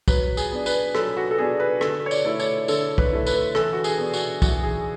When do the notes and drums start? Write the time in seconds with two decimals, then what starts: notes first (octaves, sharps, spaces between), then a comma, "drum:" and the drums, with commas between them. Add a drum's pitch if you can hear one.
0.08 F#3 B4, drum: kick, tambourine
0.37 G#4, drum: tambourine
0.51 B3 D4
0.66 B4, drum: tambourine
0.95 F#3 A4, drum: rim click
1.17 F#4
1.31 A4
1.38 B3 D4 G#4
1.60 B4
1.81 D3 A4, drum: rim click
2.06 C#5
2.11 D5, drum: tambourine
2.25 A3 E4
2.40 C#5, drum: tambourine
2.68 D3 A4, drum: tambourine
2.98 B4, drum: kick
3.12 A3 E4
3.26 B4, drum: tambourine
3.55 E3 A4, drum: rim click
3.73 F#4
3.84 G#4, drum: tambourine
3.98 B3 D4
4.14 F#4, drum: tambourine
4.42 E3 F#4, drum: kick, tambourine
4.63 G#4